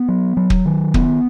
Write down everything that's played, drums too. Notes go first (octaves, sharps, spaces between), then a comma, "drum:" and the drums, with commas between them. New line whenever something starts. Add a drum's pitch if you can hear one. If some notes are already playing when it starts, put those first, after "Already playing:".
Already playing: B3
F#3
F#3
drum: kick
D#3
B3, drum: kick